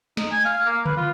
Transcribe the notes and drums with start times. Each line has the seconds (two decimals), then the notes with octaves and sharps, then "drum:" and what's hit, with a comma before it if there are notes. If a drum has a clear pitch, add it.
0.17 D#4, drum: snare
0.31 G#5
0.45 F5
0.66 A#3
0.86 B4, drum: tom C#3
0.97 F4